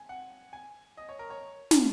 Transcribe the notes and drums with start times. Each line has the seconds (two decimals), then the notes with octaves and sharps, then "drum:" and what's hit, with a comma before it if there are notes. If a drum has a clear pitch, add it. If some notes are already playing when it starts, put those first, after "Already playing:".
Already playing: G#5
0.09 F#5
0.53 G#5
0.97 D#5
1.09 C#5
1.19 A#4
1.30 C#5
1.71 drum: snare